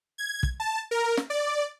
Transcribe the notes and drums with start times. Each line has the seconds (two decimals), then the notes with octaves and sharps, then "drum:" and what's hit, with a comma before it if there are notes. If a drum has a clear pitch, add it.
0.18 G#6
0.43 drum: kick
0.60 A5
0.91 A#4
1.17 drum: snare
1.30 D5